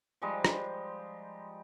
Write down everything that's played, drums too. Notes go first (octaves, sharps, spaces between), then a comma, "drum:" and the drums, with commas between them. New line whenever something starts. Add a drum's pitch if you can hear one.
F3 G3 G#3 D#4
drum: rim click